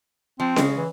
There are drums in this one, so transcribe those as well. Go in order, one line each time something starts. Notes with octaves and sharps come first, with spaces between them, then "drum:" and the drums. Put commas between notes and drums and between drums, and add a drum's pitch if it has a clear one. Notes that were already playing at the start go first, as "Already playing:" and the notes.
F3 C4
C#3 G#3, drum: snare C#4
E3